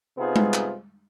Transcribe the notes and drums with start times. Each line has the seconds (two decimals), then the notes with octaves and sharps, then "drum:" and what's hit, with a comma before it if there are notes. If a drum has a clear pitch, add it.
0.18 C3 B3 D#4 F4 G#4 C5
0.36 drum: tom G#3
0.54 drum: clap